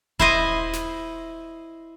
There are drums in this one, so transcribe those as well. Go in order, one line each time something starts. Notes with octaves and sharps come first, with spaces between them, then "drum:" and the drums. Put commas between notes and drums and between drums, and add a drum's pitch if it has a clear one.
E4 C5 D#5, drum: kick D#1
drum: snare